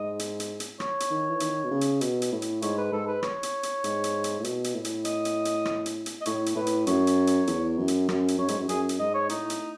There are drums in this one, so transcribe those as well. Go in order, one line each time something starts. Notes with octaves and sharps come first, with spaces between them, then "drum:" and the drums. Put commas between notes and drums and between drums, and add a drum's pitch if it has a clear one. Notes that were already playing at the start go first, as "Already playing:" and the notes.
Already playing: G#2 D#5
drum: hi-hat
drum: hi-hat
drum: hi-hat
C#5, drum: rim click
drum: hi-hat
D#3
E3
D#3, drum: hi-hat
B2
C#3
drum: hi-hat
B2, drum: hi-hat
drum: hi-hat
A2
drum: hi-hat
G#2 C#5, drum: hi-hat
B4
G#2 A4
B4
C#5, drum: rim click
drum: hi-hat
drum: hi-hat
G#2, drum: hi-hat
drum: hi-hat
drum: hi-hat
A2
B2, drum: hi-hat
drum: hi-hat
A2
drum: hi-hat
D#5, drum: hi-hat
drum: hi-hat
drum: hi-hat
drum: rim click
drum: hi-hat
drum: hi-hat
D#5
A2 C#5, drum: hi-hat
drum: hi-hat
A2 B4
drum: hi-hat
F#2 C#5, drum: hi-hat
drum: hi-hat
drum: hi-hat
E2, drum: hi-hat
F#2
drum: hi-hat
F#2, drum: rim click
drum: hi-hat
F#2 C#5
G#2, drum: hi-hat
F#2
F#2 G#4, drum: hi-hat
drum: hi-hat
G#2 D#5
C#5
A2 D#4, drum: hi-hat
drum: hi-hat